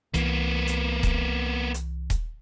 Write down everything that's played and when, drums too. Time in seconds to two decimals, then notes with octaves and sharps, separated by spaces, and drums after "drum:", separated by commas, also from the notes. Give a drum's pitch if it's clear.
0.14 C2 E3 A#3 B3, drum: hi-hat
0.67 drum: hi-hat
1.03 drum: kick D#1, hi-hat
1.74 drum: hi-hat
2.10 drum: kick D#1, hi-hat